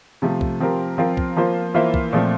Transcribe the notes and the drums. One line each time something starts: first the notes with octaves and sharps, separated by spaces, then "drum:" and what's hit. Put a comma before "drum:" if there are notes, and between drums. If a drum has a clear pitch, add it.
C3 F3 A3
drum: kick
F3 C4 G4 A#4
F3 C4 F4 A#4
drum: kick
F3 A#3 F4 C5
E3 A#3 F4 C5 E5
drum: kick
A#2 F3 A3 C4